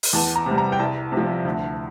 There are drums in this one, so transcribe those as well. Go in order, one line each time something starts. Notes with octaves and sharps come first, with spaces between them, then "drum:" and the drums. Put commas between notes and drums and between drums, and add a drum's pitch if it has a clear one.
drum: open hi-hat
E2 A5
A#5
C3
G3
A#5
G5
C2 A5
C3
F3
D2